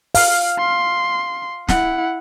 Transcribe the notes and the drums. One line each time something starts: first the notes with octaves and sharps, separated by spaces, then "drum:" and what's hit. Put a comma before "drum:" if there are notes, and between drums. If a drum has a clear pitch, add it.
F5, drum: open hi-hat
C6
E4 F#5, drum: snare